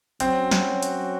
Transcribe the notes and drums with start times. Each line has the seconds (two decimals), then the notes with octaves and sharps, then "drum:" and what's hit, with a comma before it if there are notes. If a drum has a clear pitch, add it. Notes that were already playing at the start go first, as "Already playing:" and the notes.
0.20 F#3 C4 C#4 F#4, drum: hi-hat
0.51 drum: snare
0.83 drum: hi-hat